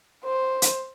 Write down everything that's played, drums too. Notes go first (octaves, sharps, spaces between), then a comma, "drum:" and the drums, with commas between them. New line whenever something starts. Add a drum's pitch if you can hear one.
C5
drum: hi-hat